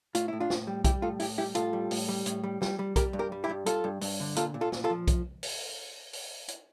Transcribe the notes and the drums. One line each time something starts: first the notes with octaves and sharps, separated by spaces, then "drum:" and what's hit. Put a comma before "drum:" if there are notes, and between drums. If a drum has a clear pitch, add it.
A2 F4, drum: hi-hat
A2 E4
D4 F4
A2, drum: snare
G3
G3 E4 G4, drum: kick B1, hi-hat
A2 F4 A4
A2 E4 G4, drum: open hi-hat
G3 E4 G4
A2 F4 A4, drum: hi-hat
G3
A2, drum: open hi-hat
G3
A2, drum: hi-hat
G3
G3, drum: snare
G3
G3 G4 A#4, drum: kick B1, hi-hat
G2
G4 A#4
G3
E4 G4
G2
G2 F4 A4, drum: hi-hat
G2
G2, drum: open hi-hat
D3
A#2 F4 A4, drum: hi-hat
A#2
F4 A4
A#2, drum: snare
F4 A4
F3
drum: kick B1, hi-hat
drum: open hi-hat
drum: open hi-hat
drum: hi-hat